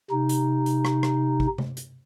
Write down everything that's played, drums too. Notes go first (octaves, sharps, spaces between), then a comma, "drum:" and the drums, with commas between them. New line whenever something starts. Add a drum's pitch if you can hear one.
C3 D#4
drum: hi-hat
drum: hi-hat
drum: rim click
drum: rim click
drum: kick
drum: tom C3
drum: hi-hat